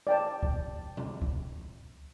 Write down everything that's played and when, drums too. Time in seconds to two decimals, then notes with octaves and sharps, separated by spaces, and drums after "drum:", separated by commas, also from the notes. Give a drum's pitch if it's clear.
0.07 D5 G5 A5
0.43 drum: kick
0.97 drum: tom B2
1.22 drum: kick